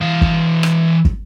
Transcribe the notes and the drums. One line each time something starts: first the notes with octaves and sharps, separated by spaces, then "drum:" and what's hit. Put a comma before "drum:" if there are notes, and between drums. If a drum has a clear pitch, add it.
E3 F5
drum: kick
drum: rim click
drum: kick